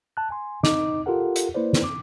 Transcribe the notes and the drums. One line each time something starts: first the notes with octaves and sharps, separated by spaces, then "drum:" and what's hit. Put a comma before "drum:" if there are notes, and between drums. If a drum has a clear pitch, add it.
A5 F#6
G#5 C6
D#4 D#5 D6, drum: snare
F4 G4 A4 A#4 F#5
drum: hi-hat
A#3 E4 B4 C5 D5
drum: snare
D6